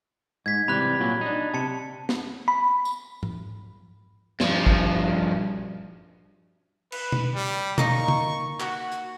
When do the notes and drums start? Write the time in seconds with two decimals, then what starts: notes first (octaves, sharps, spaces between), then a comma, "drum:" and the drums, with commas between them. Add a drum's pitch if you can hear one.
0.46 G#2 G#6 B6
0.68 C3 E3 G3 B5 F#6
1.00 A#2 F#3 A#3
1.21 D4 D#4
1.54 C3 A5 C#7
2.09 drum: snare
2.48 B5
2.85 drum: tambourine
3.23 drum: tom G#2
4.40 G2 F3, drum: snare
4.66 drum: kick
6.92 B4, drum: cymbal
7.12 drum: tom B2
7.35 G3
7.78 A#3 D#4 D#5 C#6, drum: tom B2
8.08 drum: tom
8.60 F#4, drum: clap
8.92 drum: hi-hat